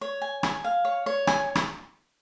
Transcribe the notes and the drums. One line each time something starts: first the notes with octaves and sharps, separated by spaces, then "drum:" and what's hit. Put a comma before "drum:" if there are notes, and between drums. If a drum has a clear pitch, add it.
C#5
G#5
G#5, drum: rim click
F5
C#5
C#5
G#5, drum: rim click
drum: rim click